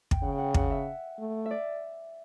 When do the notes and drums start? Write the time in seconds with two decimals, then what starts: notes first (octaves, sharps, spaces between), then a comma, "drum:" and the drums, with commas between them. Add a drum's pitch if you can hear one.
0.11 G5, drum: kick
0.23 C#3 F#5
0.32 G5
0.38 F#5
0.54 F#5, drum: kick
0.71 E5
1.19 A3
1.46 E5
1.51 D5